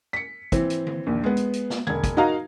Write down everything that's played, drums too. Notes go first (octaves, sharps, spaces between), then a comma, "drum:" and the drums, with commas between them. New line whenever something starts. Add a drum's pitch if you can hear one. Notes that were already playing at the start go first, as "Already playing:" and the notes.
B6 C#7
E3 C4, drum: kick, hi-hat
drum: hi-hat
drum: tom D3
A#1 D#2
G#3 B3
drum: hi-hat
drum: hi-hat
drum: snare
E1 G#6, drum: tom D3
drum: kick, hi-hat
D#4 F#4 A#4 D#5 F5 A#5